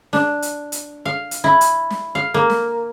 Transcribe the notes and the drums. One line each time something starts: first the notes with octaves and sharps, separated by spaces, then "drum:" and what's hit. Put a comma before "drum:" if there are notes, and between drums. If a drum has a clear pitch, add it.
D4, drum: snare
drum: hi-hat
drum: hi-hat
F5
drum: hi-hat
E4
drum: hi-hat
drum: snare
F5
A#3
drum: snare